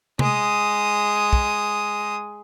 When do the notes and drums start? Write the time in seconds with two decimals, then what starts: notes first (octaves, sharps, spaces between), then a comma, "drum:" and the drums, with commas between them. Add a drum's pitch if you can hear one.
0.19 G#3 D#6, drum: tom C3
1.33 drum: kick